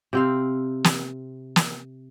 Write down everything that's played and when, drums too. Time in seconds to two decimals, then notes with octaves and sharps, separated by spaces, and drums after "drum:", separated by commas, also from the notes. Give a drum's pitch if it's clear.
0.13 C3 C4 F5
0.84 drum: snare
1.56 drum: snare